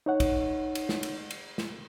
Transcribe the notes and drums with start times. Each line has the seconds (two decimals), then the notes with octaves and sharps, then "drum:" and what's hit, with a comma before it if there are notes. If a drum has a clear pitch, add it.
0.06 D#4 C#5 F#5
0.20 drum: kick, cymbal
0.75 drum: cymbal
0.89 drum: snare
1.03 drum: cymbal
1.31 drum: cymbal
1.58 drum: snare